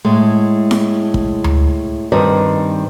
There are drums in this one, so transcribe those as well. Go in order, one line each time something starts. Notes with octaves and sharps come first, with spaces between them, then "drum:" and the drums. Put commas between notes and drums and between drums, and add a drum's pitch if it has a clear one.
A2 G#3
drum: snare E4
drum: kick
drum: tom D2
G2 D#3 C4 D#5